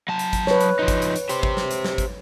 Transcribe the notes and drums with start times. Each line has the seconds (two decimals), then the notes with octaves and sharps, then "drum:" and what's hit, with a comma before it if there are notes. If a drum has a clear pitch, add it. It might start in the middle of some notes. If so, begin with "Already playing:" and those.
0.08 F#3 A5
0.19 drum: hi-hat
0.33 drum: kick G#1, hi-hat
0.47 B4 C#5, drum: snare
0.61 drum: hi-hat
0.79 F3 D#4
0.88 drum: kick G#1, hi-hat
1.02 drum: hi-hat
1.16 drum: hi-hat
1.29 G4 C5, drum: hi-hat
1.43 drum: kick G#1
1.57 drum: snare
1.71 drum: hi-hat
1.84 drum: snare
1.98 drum: kick G#1, hi-hat